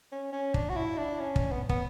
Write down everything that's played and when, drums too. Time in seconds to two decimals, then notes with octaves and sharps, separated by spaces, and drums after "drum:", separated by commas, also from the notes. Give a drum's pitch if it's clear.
0.12 C#4
0.32 C#4
0.54 D4, drum: kick
0.69 F#4
0.76 E4
0.98 D4
1.19 C#4
1.36 drum: kick
1.52 B3
1.69 B3, drum: kick